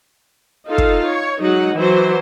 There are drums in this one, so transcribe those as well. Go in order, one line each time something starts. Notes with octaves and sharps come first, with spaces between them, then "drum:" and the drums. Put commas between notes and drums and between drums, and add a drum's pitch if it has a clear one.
D#4 F4 A4 F5
drum: kick
C#5
F#3 G#3 D#4 F#5
E3 F#3 C5